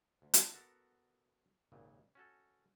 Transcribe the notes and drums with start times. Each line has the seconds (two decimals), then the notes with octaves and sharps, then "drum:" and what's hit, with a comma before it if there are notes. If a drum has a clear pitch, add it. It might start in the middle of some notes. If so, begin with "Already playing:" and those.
0.22 D2
0.34 D5, drum: hi-hat
0.53 B3 F#4 A4 A#4
1.72 G#1 D#2 A#2 C#3
2.15 C#4 F#4 A4